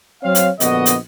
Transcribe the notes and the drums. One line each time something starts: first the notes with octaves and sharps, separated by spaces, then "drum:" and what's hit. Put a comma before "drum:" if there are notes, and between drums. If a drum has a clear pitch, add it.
F#3 C4 C#5 F5
drum: hi-hat
A#1 D3 B3 F#4 D#5, drum: hi-hat
drum: hi-hat